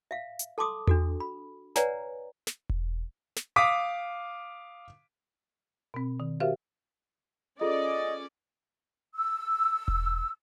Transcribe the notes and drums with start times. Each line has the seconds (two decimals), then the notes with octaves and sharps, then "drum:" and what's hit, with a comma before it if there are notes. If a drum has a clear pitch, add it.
0.11 E5 F5
0.39 drum: hi-hat
0.58 A4 A5 C6 D6 D#6
0.87 D4 F#4 A4, drum: tom E2
1.20 B5
1.76 B4 C#5 D5 F#5 G#5 A#5, drum: snare
2.47 drum: snare
2.69 drum: kick E1
3.36 drum: snare
3.56 F5 D6 D#6 B6
5.94 B2 C4
6.20 D#3
6.40 F#4 G4 A#4 C5 E5 F5
7.61 C#4 F4 G#4 A4 D5 D#5
9.14 E6
9.88 drum: kick E1